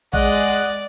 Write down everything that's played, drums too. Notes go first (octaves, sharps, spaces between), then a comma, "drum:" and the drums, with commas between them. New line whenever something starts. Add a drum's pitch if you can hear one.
G#3 D5 D#5 F#5, drum: kick A1